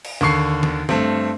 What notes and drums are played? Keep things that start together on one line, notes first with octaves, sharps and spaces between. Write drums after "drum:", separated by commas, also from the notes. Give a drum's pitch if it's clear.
drum: cymbal
D#2 D3 C#6 C7
drum: tom D3
G2 A3 C4, drum: tom D3